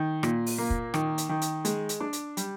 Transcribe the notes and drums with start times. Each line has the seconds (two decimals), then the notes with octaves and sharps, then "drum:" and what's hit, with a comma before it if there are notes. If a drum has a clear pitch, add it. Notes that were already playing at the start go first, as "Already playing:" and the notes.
Already playing: D#3
0.23 A#2, drum: rim click
0.46 drum: open hi-hat
0.58 A#3
0.70 drum: kick
0.94 D#3, drum: rim click
1.18 drum: hi-hat
1.29 D#3
1.41 drum: hi-hat
1.65 G#3, drum: hi-hat
1.89 drum: hi-hat
2.00 D4
2.13 drum: hi-hat
2.37 G3, drum: hi-hat